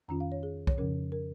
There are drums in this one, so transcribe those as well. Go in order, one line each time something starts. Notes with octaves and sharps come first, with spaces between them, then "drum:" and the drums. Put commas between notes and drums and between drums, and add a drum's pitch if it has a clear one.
F2 D#3 C#4 F4 A#5
F5
C#5
G#4
C#5, drum: kick
F2 C#3 F3 C#4 A#4
A#4